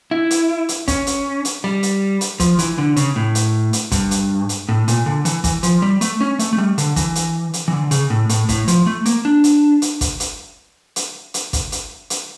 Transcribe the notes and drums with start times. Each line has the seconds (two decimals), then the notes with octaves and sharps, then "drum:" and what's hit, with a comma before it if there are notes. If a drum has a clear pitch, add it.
0.11 E4
0.31 drum: hi-hat
0.69 drum: hi-hat
0.88 C#4, drum: kick, hi-hat
1.07 drum: hi-hat
1.45 drum: hi-hat
1.64 G3
1.83 drum: hi-hat
2.21 drum: hi-hat
2.40 F3, drum: kick, hi-hat
2.59 E3, drum: hi-hat
2.78 D3
2.96 C#3, drum: hi-hat
3.16 A2
3.35 drum: hi-hat
3.73 drum: hi-hat
3.92 G2, drum: kick, hi-hat
4.11 drum: hi-hat
4.49 drum: hi-hat
4.69 A2
4.88 A#2, drum: hi-hat
5.06 D3
5.25 E3, drum: hi-hat
5.44 E3, drum: kick, hi-hat
5.63 F3, drum: hi-hat
5.82 G3
6.01 A3, drum: hi-hat
6.21 C#4
6.39 A3, drum: hi-hat
6.53 A3
6.58 G3
6.78 D3, drum: hi-hat
6.96 E3, drum: kick, hi-hat
7.15 drum: hi-hat
7.54 drum: hi-hat
7.68 E3
7.73 D3
7.91 C#3, drum: hi-hat
8.10 A2
8.29 A2, drum: hi-hat
8.49 A2, drum: kick, hi-hat
8.68 F3, drum: hi-hat
8.86 A3
9.06 A#3, drum: hi-hat
9.25 D4
9.44 drum: hi-hat
9.82 drum: hi-hat
10.01 drum: kick, hi-hat
10.20 drum: hi-hat
10.96 drum: hi-hat
11.34 drum: hi-hat
11.53 drum: kick, hi-hat
11.72 drum: hi-hat
12.10 drum: hi-hat